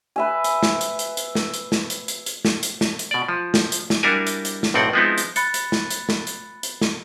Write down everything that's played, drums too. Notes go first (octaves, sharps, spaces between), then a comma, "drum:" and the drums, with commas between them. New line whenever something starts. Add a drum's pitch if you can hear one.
B4 E5 G#5
drum: hi-hat
drum: snare
drum: hi-hat
drum: hi-hat
drum: hi-hat
drum: snare
drum: hi-hat
drum: snare
drum: hi-hat
drum: hi-hat
drum: hi-hat
drum: snare
drum: hi-hat
drum: snare
drum: hi-hat
B2 D5
F3
drum: snare
drum: hi-hat
drum: snare
G3 D4 E4 F#4 A#4 G#5
drum: hi-hat
drum: hi-hat
drum: snare
B1 A2 C4 D5 F#5
F3 G#3 B3 C4 D#4 E4
drum: hi-hat
B5 F#6 A6 C#7, drum: hi-hat
drum: hi-hat
drum: snare
drum: hi-hat
drum: snare
drum: hi-hat
drum: hi-hat
drum: snare